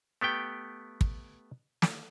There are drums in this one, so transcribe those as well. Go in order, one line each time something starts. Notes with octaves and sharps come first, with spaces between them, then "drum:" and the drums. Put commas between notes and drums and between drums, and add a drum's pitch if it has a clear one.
A3 B3 G4 G5
drum: kick
drum: snare